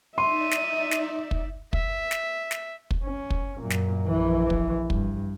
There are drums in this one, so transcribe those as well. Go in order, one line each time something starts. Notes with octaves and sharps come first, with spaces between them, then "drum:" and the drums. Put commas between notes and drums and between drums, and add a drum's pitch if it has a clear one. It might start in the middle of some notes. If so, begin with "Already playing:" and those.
D#4 D5 E5 C6 D#7
drum: snare
drum: snare
drum: kick
E5, drum: kick
drum: snare
drum: snare
drum: kick
C#4
drum: kick
F#2 A#2
drum: snare
A#1 E3
drum: kick
G2, drum: kick